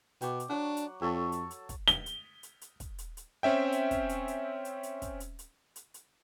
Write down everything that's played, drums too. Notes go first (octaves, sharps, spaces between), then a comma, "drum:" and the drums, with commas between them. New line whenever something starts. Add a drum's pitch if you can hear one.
B2 G5 D6, drum: hi-hat
drum: hi-hat
F#3 D4 F#5
drum: hi-hat
F2 A4 C#5 C#6
drum: hi-hat
drum: hi-hat
drum: kick, hi-hat
G7, drum: hi-hat
drum: hi-hat
drum: hi-hat
drum: hi-hat
drum: kick, hi-hat
drum: hi-hat
drum: hi-hat
C4 C#4 E5 G5
drum: hi-hat
drum: kick, hi-hat
drum: hi-hat
drum: hi-hat
drum: hi-hat
drum: hi-hat
drum: kick, hi-hat
drum: hi-hat
drum: hi-hat
drum: hi-hat
drum: hi-hat